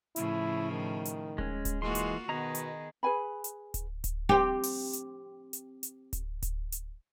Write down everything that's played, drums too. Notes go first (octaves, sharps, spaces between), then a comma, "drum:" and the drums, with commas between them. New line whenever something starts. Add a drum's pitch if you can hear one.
A2 C#3 F3 E4, drum: hi-hat
D#3
drum: hi-hat
G#3 C#4, drum: kick D1
drum: kick D1, hi-hat
E3 G#3 A#3 F4 F#4 C6
drum: hi-hat
B2 D#3 B3 G#4 D#5 A#5
drum: hi-hat
G#4 B4 G#5 B5
drum: hi-hat
drum: kick D1, hi-hat
drum: kick D1, hi-hat
C4 G4
drum: open hi-hat
drum: hi-hat
drum: hi-hat
drum: hi-hat
drum: kick D1, hi-hat
drum: kick D1, hi-hat
drum: hi-hat